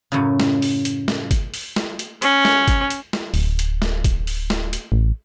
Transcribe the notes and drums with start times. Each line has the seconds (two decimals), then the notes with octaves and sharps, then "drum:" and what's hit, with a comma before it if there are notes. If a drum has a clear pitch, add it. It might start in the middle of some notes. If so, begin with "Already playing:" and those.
0.12 F#2 A2 C#3
0.40 drum: snare
0.62 drum: open hi-hat
0.85 drum: hi-hat
1.08 drum: snare
1.31 drum: kick, hi-hat
1.54 drum: open hi-hat
1.76 drum: snare
1.99 drum: hi-hat
2.22 C#4, drum: hi-hat
2.45 drum: snare
2.68 drum: kick, hi-hat
2.90 drum: hi-hat
3.13 drum: snare
3.34 D1, drum: open hi-hat
3.59 drum: hi-hat
3.82 drum: snare
4.04 drum: kick, hi-hat
4.27 drum: open hi-hat
4.50 drum: snare
4.73 drum: hi-hat
4.92 A1